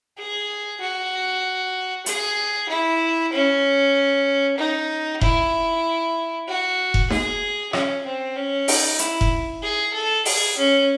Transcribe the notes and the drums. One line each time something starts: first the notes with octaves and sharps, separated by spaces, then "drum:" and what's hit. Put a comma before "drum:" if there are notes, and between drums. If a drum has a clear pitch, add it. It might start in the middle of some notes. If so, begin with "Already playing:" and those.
G#4
F#4
G#4, drum: hi-hat
E4
C#4
D#4
E4, drum: kick F1
F#4
drum: kick F1
G#4, drum: snare D#4
C#4, drum: rim click
C4
C#4
D#4, drum: open hi-hat
E4, drum: hi-hat
drum: kick F1
G#4
A4
G#4, drum: open hi-hat
C#4